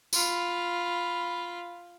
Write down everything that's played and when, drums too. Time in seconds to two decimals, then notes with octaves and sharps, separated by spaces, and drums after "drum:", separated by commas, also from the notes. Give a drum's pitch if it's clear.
0.13 F4 B5, drum: tambourine